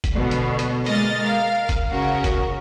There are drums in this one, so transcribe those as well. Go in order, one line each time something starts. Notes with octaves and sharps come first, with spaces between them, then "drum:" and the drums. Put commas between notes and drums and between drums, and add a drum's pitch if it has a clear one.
drum: kick, hi-hat
B2 D3 F#3 B3
drum: hi-hat
drum: hi-hat
G#3 A#3 D#5 F6 A6, drum: hi-hat
A#4 F5
drum: kick, hi-hat
C#3 C#4 F#4 A#4
drum: kick, hi-hat